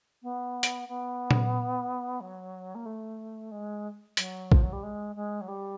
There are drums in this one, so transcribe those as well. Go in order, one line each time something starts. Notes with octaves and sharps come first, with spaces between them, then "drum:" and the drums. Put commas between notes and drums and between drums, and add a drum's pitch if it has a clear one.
B3
drum: hi-hat
B3
drum: tom A#2
F#3
A#3
A3
G#3
F#3, drum: hi-hat
F3, drum: kick
F#3
G3
G#3
G#3
F#3
G3